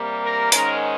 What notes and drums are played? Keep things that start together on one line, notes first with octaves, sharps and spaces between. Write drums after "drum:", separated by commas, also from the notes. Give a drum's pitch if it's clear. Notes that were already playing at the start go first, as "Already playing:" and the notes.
Already playing: C3 G3 A#3
A#4
G#2 D#3 G#3 C#4 A#4, drum: hi-hat